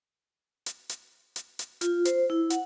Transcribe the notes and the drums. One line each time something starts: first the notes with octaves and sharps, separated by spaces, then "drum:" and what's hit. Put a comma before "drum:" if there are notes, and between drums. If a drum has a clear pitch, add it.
drum: hi-hat
drum: hi-hat
drum: hi-hat
drum: hi-hat
F4, drum: hi-hat
C5, drum: hi-hat
E4
F#5, drum: hi-hat